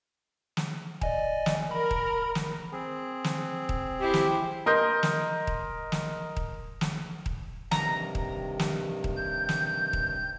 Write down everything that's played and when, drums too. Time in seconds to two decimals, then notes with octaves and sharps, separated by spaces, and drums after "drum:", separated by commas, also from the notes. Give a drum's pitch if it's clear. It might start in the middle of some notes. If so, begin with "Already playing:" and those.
0.57 drum: snare
1.01 D5 D#5 G#5, drum: kick D#1
1.46 drum: snare
1.71 A#4 B5
1.91 drum: kick D#1
2.35 drum: snare
2.72 C4 G#4
3.24 drum: snare
3.69 drum: kick D#1
4.01 E4 G4 C5
4.14 drum: snare
4.66 A#4 D#5 C6 G6
5.03 drum: snare
5.47 drum: kick D#1
5.92 drum: snare
6.36 drum: kick D#1
6.81 drum: snare
7.26 drum: kick D#1
7.71 G2 C3 D#3 A#5, drum: snare
8.15 drum: kick D#1
8.59 drum: snare
9.04 drum: kick D#1
9.17 G6
9.49 drum: snare
9.93 drum: kick D#1